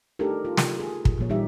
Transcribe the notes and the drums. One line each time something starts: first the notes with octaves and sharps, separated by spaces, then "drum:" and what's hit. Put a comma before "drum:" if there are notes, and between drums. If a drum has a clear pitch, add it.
A3 D4 D#4 G4 A4 A#4
F4
drum: snare
G#4
drum: kick
A#2 F3 A#3 C#5
E3 G3 D#4 G4 E5